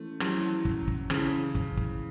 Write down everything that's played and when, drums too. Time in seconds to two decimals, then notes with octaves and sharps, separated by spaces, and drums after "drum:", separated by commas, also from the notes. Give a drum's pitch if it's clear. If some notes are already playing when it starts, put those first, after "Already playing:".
Already playing: E3 A3 C#4 E4
0.20 E3 F#3 C#4 E4, drum: rim click
0.65 drum: kick
0.88 drum: kick
1.10 C#3 E3 C#4 E4, drum: rim click
1.55 drum: kick
1.77 drum: kick